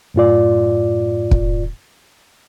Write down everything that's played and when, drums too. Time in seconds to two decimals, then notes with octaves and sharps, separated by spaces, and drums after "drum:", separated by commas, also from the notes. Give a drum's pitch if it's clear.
0.14 F#2 A2 F4 D5
1.31 drum: kick